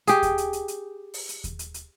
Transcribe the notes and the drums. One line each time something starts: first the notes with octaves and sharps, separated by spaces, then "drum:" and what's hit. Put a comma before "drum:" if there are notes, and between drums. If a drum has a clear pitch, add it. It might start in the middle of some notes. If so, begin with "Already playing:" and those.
G4 G#4, drum: hi-hat
drum: kick D#2, hi-hat
drum: hi-hat
drum: hi-hat
drum: hi-hat
drum: open hi-hat
drum: hi-hat
drum: kick D#2, hi-hat
drum: hi-hat
drum: hi-hat